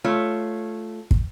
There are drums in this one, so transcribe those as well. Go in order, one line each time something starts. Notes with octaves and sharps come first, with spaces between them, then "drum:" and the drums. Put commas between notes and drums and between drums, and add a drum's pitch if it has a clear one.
A3 F4 C#5
drum: kick